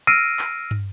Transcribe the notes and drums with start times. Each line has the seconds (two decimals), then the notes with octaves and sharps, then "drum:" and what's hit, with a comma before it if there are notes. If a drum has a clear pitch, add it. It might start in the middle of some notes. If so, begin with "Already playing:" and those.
0.07 E6 F6 A#6 C7 D7 D#7
0.39 drum: clap
0.71 drum: tom